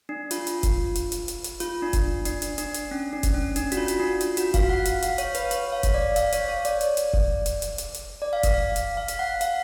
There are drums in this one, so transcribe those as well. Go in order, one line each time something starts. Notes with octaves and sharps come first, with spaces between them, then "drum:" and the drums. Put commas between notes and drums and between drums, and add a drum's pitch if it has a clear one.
D4
F4, drum: hi-hat
drum: hi-hat
drum: kick, hi-hat
drum: hi-hat
drum: hi-hat
drum: hi-hat
drum: hi-hat
F4, drum: hi-hat
D4
drum: kick, hi-hat
D4, drum: hi-hat
drum: hi-hat
D4, drum: hi-hat
drum: hi-hat
C#4
D4
drum: kick, hi-hat
C#4
D4, drum: hi-hat
F#4, drum: hi-hat
F4
drum: hi-hat
D4
F4, drum: hi-hat
F#4, drum: hi-hat
F5, drum: kick, hi-hat
F#5
F5, drum: hi-hat
F5, drum: hi-hat
C#5, drum: hi-hat
B4, drum: hi-hat
C#5, drum: hi-hat
F5
drum: kick, hi-hat
D5
F5, drum: hi-hat
C#5, drum: hi-hat
C#5
D5, drum: hi-hat
drum: hi-hat
drum: hi-hat
drum: kick
drum: hi-hat
drum: hi-hat
drum: hi-hat
drum: hi-hat
D5
F5
drum: kick, hi-hat
F5
drum: hi-hat
F5
drum: hi-hat
F#5
F5, drum: hi-hat